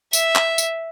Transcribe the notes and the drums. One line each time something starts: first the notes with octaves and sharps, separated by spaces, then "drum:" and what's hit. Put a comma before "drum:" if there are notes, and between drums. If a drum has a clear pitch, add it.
E5, drum: tambourine
drum: clap
drum: tambourine